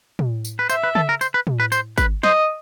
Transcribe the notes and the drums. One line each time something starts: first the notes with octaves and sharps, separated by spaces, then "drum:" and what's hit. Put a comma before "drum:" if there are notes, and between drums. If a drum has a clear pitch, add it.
drum: tom
drum: tambourine
B4
C5 E5, drum: tambourine
B4
A4, drum: tom
A#4
C5, drum: tambourine
B4
drum: tom
B4
C5, drum: tambourine
B4, drum: kick G#1, tambourine
C5 D#5, drum: snare